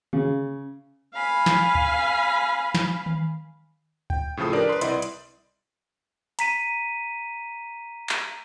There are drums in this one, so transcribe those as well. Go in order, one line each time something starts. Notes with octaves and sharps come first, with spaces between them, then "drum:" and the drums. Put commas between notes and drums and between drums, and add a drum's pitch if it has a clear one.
C#3, drum: tom D3
F5 G#5 B5
drum: snare
drum: kick
drum: snare
drum: tom D#3
G5, drum: kick
A2 C#3 F3 A4 D#6
D4 G4 A#4 B4 D5
B4 C6
C2 E4 D5 D#5 C6, drum: hi-hat
drum: hi-hat
A#5 B6 D#7, drum: hi-hat
drum: clap